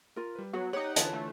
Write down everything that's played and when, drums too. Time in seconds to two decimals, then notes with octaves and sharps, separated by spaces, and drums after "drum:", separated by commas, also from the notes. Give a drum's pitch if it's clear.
0.16 F4 A#4
0.36 G3 B4
0.53 F#3 B3 F#4
0.73 D#4 G4 C#5 F#5
0.96 D3 E3 F4 B4 C#5 A5, drum: hi-hat
1.13 A3